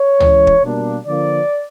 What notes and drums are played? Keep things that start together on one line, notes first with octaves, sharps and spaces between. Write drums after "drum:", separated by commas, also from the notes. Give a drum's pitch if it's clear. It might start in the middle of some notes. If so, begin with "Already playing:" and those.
Already playing: C#5
E3 G#3 C#4, drum: tom
drum: kick
B2 G3 A#3 D4
D3 F3 A#3 D5